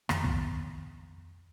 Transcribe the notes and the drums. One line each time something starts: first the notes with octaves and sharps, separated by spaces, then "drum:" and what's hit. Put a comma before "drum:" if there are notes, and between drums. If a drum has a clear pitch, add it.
F2 D#3 B3, drum: rim click
drum: kick